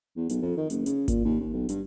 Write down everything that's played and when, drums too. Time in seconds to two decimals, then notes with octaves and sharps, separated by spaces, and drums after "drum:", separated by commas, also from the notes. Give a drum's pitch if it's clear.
0.17 E2
0.29 B1, drum: hi-hat
0.42 F2
0.57 D#3
0.70 F#1, drum: hi-hat
0.86 C#3, drum: hi-hat
1.08 A#2, drum: kick G#1, hi-hat
1.25 D#2
1.40 D#2
1.53 B1
1.69 G2, drum: hi-hat